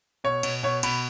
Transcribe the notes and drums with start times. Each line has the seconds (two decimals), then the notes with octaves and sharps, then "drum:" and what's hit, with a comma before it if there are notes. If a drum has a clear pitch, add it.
0.24 B2 C#5
0.43 B2, drum: cymbal
0.63 B2 C#5
0.83 B2 B5, drum: cymbal